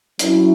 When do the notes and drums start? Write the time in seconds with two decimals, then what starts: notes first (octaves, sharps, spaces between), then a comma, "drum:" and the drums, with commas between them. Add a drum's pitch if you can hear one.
0.19 F#3 C#4 E4, drum: hi-hat